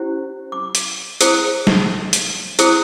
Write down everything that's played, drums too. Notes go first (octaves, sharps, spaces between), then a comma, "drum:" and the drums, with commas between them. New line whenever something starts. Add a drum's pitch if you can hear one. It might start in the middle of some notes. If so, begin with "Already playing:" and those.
Already playing: C#4 E4 G4 C5
D6
drum: hi-hat
E4 G#4 C5 D#6, drum: hi-hat
drum: snare
drum: hi-hat
E4 G#4 C5 D#6, drum: hi-hat